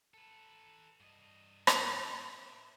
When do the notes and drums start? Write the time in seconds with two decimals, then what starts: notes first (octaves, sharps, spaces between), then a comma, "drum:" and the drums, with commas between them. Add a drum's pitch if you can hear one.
0.14 A4 B4
1.00 G2 D#5
1.67 drum: rim click
2.01 E5 C6